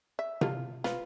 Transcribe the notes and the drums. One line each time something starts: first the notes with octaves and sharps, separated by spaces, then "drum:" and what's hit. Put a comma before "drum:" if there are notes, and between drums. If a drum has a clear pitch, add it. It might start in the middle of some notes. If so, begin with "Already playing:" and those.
E5
F4, drum: tom C3
F4 B4, drum: snare